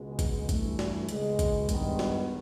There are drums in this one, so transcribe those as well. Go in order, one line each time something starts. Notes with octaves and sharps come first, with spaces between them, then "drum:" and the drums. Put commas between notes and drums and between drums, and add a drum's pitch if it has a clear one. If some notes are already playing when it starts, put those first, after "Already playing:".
Already playing: C#2 B2 G#3
drum: kick G#1, hi-hat
G2 E3 A3, drum: kick G#1, hi-hat
drum: snare
C#2 B2 G#3, drum: hi-hat
drum: kick G#1, hi-hat
G2 D#3 G#3 B3, drum: kick G#1, hi-hat
drum: snare